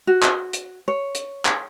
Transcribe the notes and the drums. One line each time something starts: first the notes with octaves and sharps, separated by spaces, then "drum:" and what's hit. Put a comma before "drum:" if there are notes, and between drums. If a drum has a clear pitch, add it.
F#4
drum: clap
drum: hi-hat
C#5
drum: hi-hat
drum: clap